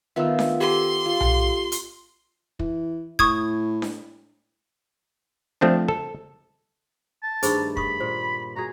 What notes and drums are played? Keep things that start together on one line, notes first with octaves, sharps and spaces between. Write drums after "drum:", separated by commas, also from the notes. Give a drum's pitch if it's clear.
D#3 B3 F4 E5 E6
drum: snare D4
G4 A4 C6
F4
drum: tom B1
drum: hi-hat
E3, drum: kick
A2 C#6 D#6 G#6, drum: kick
drum: snare D4
F3 A3 C4 D4
A4
A5
G2 D#3 A3 G#4 C5 B5, drum: hi-hat
B5 C#6 D#6, drum: kick
A#2 C5
F#4 G#4 A#5